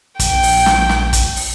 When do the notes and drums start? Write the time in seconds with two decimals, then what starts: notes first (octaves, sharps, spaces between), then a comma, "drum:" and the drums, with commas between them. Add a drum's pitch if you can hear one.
0.19 A#1 G5, drum: kick, hi-hat
0.43 drum: open hi-hat
0.66 drum: snare
0.89 drum: snare
1.13 drum: kick, hi-hat
1.36 drum: open hi-hat